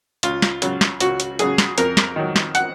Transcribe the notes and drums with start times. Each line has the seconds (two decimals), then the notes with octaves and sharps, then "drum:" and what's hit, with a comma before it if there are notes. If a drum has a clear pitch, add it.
0.23 C#2 F4, drum: hi-hat
0.42 drum: snare
0.62 C#3 F#3, drum: hi-hat
0.81 drum: snare
1.00 C#2 F#4, drum: hi-hat
1.20 drum: hi-hat
1.39 C#3 F#3 G#4, drum: hi-hat
1.58 drum: snare
1.78 F2 A#4, drum: hi-hat
1.97 drum: snare
2.16 D#3 F#3
2.36 drum: snare
2.55 F#5, drum: hi-hat